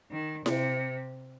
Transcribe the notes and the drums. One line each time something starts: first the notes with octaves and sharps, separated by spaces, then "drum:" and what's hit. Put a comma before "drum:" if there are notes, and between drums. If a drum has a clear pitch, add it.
D#3
C3, drum: snare E4